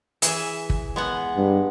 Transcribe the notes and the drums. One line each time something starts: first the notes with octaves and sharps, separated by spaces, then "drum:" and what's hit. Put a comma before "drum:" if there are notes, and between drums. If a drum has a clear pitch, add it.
E3 G#4 E5, drum: hi-hat
drum: kick
G#3 B3 F#5
G2